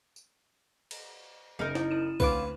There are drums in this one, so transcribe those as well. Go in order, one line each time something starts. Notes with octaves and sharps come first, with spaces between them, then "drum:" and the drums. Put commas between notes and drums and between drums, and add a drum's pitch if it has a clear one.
drum: tambourine
drum: cymbal
F#1 D#4 A#4 F6
E4, drum: snare
E4 D#7 E7
D2 C4 C#4 F4 B4 D6, drum: kick B1